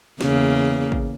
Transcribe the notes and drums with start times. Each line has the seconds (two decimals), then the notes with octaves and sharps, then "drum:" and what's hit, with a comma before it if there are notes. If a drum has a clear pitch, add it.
0.21 E2 C#3 A#3, drum: snare
0.92 drum: kick